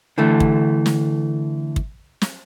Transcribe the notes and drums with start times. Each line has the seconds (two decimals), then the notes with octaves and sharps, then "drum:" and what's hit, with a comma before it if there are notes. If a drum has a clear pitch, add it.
0.18 D3 E3 A3
0.40 drum: kick
0.86 drum: snare
1.76 drum: kick
2.22 drum: snare